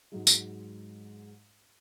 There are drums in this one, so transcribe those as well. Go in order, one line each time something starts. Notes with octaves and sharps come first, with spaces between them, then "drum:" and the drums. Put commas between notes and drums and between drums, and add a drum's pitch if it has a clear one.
G#2 F#3 G#3
drum: tambourine